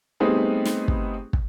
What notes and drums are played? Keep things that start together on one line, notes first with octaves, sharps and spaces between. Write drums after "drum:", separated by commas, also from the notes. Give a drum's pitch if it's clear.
G3 A3 B3 C4 D#4 G#4
drum: snare
drum: kick
drum: kick